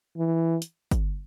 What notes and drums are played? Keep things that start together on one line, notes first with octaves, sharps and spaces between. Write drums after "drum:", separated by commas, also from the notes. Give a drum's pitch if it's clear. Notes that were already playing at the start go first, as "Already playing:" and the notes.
E3
drum: hi-hat
drum: kick, hi-hat